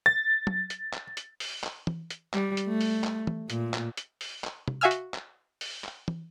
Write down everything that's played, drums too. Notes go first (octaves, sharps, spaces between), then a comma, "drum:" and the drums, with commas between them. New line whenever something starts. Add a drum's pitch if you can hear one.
A6
drum: tom
drum: hi-hat
drum: clap
drum: hi-hat
drum: open hi-hat
drum: clap
drum: tom
drum: hi-hat
G3, drum: clap
drum: hi-hat
A3
drum: open hi-hat
drum: clap
drum: tom
A#2, drum: hi-hat
drum: clap
drum: hi-hat
drum: open hi-hat
drum: clap
drum: tom
F#4 E5 F5 G#5 E6 F6
drum: hi-hat
drum: clap
drum: open hi-hat
drum: clap
drum: tom